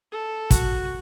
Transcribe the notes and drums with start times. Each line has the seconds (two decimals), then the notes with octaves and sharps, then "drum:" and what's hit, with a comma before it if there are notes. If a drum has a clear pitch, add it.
0.12 A4
0.51 F#4, drum: kick, hi-hat